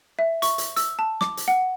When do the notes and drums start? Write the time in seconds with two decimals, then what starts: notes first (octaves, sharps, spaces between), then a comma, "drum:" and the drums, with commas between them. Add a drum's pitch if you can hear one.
0.19 E5
0.42 C#6, drum: hi-hat
0.58 drum: hi-hat
0.76 E6, drum: hi-hat
0.99 A5
1.21 D6, drum: snare
1.37 drum: hi-hat
1.48 F#5